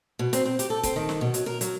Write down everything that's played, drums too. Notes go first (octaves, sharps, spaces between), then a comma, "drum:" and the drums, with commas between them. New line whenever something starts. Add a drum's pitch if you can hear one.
B2
C4, drum: hi-hat
C4
G4, drum: hi-hat
A4
C4, drum: kick, hi-hat
D#3
drum: snare
B2
F#3, drum: hi-hat
A#4
F#3, drum: hi-hat